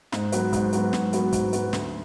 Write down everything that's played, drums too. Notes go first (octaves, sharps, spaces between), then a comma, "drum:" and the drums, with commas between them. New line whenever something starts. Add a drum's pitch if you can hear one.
G#2, drum: snare
F#3 B3 F#4 B4, drum: hi-hat
G#2, drum: kick, hi-hat
F#3 B3 F#4 B4, drum: hi-hat
G#2, drum: snare
F#3 B3 F#4 B4, drum: hi-hat
G#2, drum: kick, hi-hat
F#3 B3 F#4 B4, drum: hi-hat
D2, drum: snare